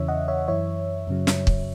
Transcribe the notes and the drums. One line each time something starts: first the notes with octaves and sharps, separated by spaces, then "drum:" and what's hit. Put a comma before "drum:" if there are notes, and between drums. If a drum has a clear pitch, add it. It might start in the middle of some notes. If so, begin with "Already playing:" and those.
Already playing: E2 C#3 E3 C#5 E5
D#5 F#5
C#5 E5
F#2 E3 C#5 E5
F#2 C#3 F#3
drum: snare
drum: kick